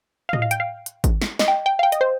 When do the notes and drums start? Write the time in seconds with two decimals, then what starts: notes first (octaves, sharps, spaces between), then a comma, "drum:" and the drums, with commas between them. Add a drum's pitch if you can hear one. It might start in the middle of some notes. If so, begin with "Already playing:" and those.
0.29 F5
0.33 D#5, drum: tom A2
0.42 F5
0.51 G5, drum: hi-hat
0.60 F5
0.86 drum: hi-hat
1.04 drum: kick G#1, hi-hat
1.22 drum: snare
1.39 D#5, drum: snare
1.48 G5
1.66 G5
1.79 F5
1.83 G5
1.92 D#5, drum: hi-hat
2.01 C5